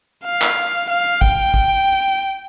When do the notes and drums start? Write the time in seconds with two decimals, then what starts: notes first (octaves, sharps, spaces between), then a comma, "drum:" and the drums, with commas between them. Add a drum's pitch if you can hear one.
0.25 F5
0.41 drum: clap
0.89 F5
1.22 G5, drum: kick A1
1.54 drum: kick A1